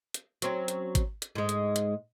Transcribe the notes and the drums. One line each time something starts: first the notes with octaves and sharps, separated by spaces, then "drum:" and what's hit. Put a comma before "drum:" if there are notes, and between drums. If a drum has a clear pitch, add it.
drum: hi-hat
F#3 C4 C#4, drum: hi-hat
drum: hi-hat
drum: kick G#1, hi-hat
drum: hi-hat
G#2 G#3
drum: hi-hat
drum: hi-hat